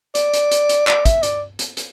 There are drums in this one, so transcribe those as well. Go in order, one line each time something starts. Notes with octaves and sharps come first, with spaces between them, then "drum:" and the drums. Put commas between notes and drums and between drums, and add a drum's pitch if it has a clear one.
D5, drum: hi-hat
drum: hi-hat
drum: hi-hat
drum: hi-hat
D5, drum: clap
E5, drum: kick, hi-hat
D5, drum: hi-hat
drum: hi-hat
drum: hi-hat